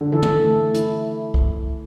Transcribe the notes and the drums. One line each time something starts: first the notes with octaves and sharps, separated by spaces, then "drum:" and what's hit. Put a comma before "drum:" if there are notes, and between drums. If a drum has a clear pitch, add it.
D3
E3 A4
drum: tom
A3
E4, drum: hi-hat
drum: kick